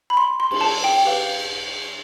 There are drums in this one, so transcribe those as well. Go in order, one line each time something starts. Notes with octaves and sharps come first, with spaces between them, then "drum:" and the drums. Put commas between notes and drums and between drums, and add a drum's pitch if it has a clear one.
B5
C6
C6
drum: cymbal
A5
G5
G4 B4 F5